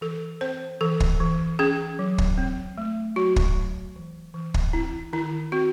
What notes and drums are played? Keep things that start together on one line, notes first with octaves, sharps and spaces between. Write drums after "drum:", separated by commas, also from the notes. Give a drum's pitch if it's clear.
E3 A4
C4 C5
E3 A4
drum: kick
E3
C#4 G#4
F#3
drum: kick
C4
A3
F#3 F#4
drum: kick
F#3
E3
E3
drum: kick
C4 E4
D#3 E4
C4 F#4